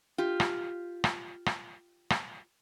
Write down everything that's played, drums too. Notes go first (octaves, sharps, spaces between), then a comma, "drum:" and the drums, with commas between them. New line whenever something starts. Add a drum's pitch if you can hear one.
F4 G4
drum: rim click
drum: rim click
drum: rim click
drum: rim click